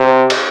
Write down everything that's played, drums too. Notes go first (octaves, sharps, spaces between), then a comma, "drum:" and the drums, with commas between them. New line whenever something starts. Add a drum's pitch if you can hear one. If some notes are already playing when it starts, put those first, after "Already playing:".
Already playing: C3
drum: cymbal